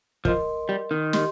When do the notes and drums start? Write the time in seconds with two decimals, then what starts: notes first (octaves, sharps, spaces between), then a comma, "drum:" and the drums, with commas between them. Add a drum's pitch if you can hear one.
0.25 F3 A#4 D#5 C6, drum: kick
0.69 G3
0.91 D#3
1.13 G4 D#5 C6, drum: snare